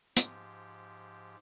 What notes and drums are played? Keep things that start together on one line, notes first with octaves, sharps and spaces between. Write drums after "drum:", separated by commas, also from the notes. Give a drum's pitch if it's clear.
G#2 F3 G4, drum: hi-hat